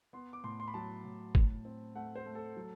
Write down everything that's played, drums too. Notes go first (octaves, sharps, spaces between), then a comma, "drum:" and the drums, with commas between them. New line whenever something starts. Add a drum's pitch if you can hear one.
B3 C6
D6
A2 C6
C6
B5
F#3 A5
A2
A2, drum: kick G#1
C4
A3 F#5
C5
A3
A4
F#3